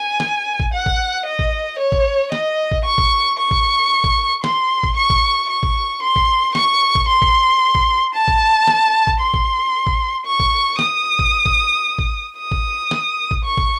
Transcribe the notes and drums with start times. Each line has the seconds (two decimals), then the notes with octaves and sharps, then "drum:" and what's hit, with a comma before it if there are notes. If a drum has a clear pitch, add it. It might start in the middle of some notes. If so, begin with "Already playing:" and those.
Already playing: G#5
0.20 drum: snare
0.60 drum: kick
0.73 F#5
0.86 drum: kick
1.26 D#5
1.39 drum: kick
1.79 C#5
1.92 drum: kick
2.32 D#5, drum: snare
2.71 drum: kick
2.85 C#6
2.98 drum: kick
3.38 C#6
3.51 drum: kick
4.04 drum: kick
4.44 C6, drum: snare
4.83 drum: kick
4.96 C#6
5.10 drum: kick
5.50 C#6
5.63 drum: kick
6.02 C6
6.16 drum: kick
6.55 C#6, drum: snare
6.95 drum: kick
7.08 C6
7.22 drum: kick
7.75 drum: kick
8.14 A5
8.28 drum: kick
8.67 drum: snare
9.07 drum: kick
9.20 C6
9.34 drum: kick
9.87 drum: kick
10.26 C#6
10.40 drum: kick
10.79 D#6, drum: snare
11.19 drum: kick
11.46 drum: kick
11.99 drum: kick
12.38 D#6
12.51 drum: kick
12.91 drum: snare
13.31 drum: kick
13.44 C#6
13.57 drum: kick